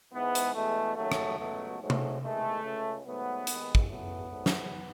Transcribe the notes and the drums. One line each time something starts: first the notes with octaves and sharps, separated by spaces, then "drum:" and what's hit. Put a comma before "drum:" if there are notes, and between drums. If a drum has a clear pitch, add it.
G#2 E3 G#3 B3
drum: hi-hat
E2 B2 G#3 A3
D#2 C#3 F#3 A3
drum: rim click
C#2 B2 F#3 A3
G#2 F#3 A3
drum: tom C3
E2 D#3 G#3 A3
C#2 C#3 G#3
G#2 F#3 A3 B3
D#2 D#3 G#3, drum: hi-hat
drum: kick
E2 C#3 F#3 A3 B3
G#2 F#3 A3
drum: snare